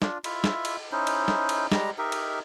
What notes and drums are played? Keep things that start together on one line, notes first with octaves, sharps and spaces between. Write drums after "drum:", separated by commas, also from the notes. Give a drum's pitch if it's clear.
D4 F4, drum: snare
E4 F4 E5, drum: cymbal
drum: snare
drum: cymbal
C#4 D#4 E4 C5
drum: cymbal
drum: snare
drum: cymbal
G3 G#3 G4 A#5, drum: snare
D#4 G4 A#4 E5
drum: cymbal